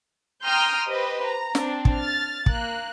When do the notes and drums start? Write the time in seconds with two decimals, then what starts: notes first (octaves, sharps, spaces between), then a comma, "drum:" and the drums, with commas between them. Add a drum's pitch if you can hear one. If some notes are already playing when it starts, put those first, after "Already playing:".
0.45 G5 A#5 C6 D#6 F6 G6
0.88 G4 B4 C5 D#5
1.24 A#5
1.55 C4 D4, drum: snare
1.85 drum: kick
1.95 F6 A6
2.46 A#3 F#6, drum: kick